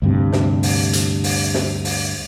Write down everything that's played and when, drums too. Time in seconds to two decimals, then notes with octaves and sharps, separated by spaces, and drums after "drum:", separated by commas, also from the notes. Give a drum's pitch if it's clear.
0.02 D2 G2 C3
0.32 drum: snare
0.63 drum: open hi-hat
0.93 drum: hi-hat
1.24 drum: open hi-hat
1.54 drum: snare
1.85 drum: open hi-hat